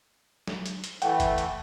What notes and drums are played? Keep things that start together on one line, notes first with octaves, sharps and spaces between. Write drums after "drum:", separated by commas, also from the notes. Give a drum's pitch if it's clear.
drum: snare
drum: hi-hat
drum: hi-hat
E3 A3 F#5 G5, drum: hi-hat
drum: kick F1, hi-hat
drum: hi-hat